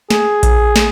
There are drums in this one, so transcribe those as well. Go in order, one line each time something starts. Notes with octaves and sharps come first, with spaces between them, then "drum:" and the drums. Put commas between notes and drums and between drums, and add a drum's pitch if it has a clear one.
G#4, drum: snare
drum: kick A#1, hi-hat
drum: snare